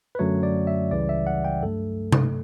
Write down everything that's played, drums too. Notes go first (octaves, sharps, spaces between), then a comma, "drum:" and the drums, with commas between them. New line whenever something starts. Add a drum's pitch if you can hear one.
B4
F#2 D3 F#3 A3 C#5
D5
E5
C#2 C#3 E3 G3 D5
E5
F#5
G5
G2 F#3 A3 A4
drum: tom C3